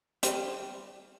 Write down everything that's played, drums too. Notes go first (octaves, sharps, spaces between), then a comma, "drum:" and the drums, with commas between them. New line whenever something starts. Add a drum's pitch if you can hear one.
G3 G4 C5, drum: hi-hat